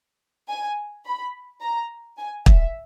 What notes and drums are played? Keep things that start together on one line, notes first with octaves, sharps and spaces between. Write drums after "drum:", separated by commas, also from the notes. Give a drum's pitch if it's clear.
G#5
B5
A#5
G#5
E5, drum: kick